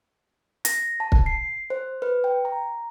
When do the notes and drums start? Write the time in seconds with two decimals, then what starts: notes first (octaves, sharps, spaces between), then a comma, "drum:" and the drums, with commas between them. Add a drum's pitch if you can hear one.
0.65 A#6, drum: hi-hat
1.00 A5
1.12 drum: kick
1.26 C7
1.70 C5
2.02 B4
2.24 G5
2.45 A#5